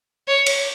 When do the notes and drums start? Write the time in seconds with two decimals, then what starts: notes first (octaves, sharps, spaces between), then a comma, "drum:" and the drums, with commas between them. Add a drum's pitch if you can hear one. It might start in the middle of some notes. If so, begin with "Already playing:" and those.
0.28 C#5
0.46 drum: cymbal